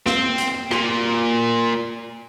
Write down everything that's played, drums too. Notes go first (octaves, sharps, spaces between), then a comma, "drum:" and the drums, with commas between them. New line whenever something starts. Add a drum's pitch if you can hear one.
C4, drum: snare
drum: hi-hat
A#2, drum: rim click